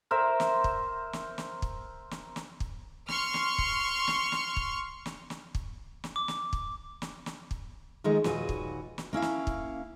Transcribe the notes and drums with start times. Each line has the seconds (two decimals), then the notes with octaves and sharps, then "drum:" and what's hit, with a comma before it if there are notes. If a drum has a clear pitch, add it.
0.11 A#4 C5 E5
0.40 drum: snare
0.64 drum: kick
1.13 drum: snare
1.38 drum: snare
1.62 drum: kick
2.11 drum: snare
2.36 drum: snare
2.60 drum: kick
3.08 C6 C#6 F6, drum: snare
3.34 drum: snare
3.58 drum: kick
4.07 drum: snare
4.32 drum: snare
4.57 drum: kick
5.06 drum: snare
5.30 drum: snare
5.55 drum: kick
6.04 drum: snare
6.16 D6
6.28 drum: snare
6.53 drum: kick
7.02 drum: snare
7.26 drum: snare
7.51 drum: kick
8.04 D#3 F3 G#3 A3 D#4
8.24 D#2 A#2 F#4 B4 G#5, drum: snare
8.49 drum: kick
8.98 drum: snare
9.13 A#3 C#4 E4 F5
9.22 drum: snare
9.47 drum: kick